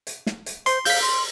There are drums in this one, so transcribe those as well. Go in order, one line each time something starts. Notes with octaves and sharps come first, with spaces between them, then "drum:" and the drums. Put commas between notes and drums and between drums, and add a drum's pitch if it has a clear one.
drum: hi-hat
drum: snare
drum: hi-hat
C5 C6, drum: hi-hat
F5 G6 B6, drum: open hi-hat
C6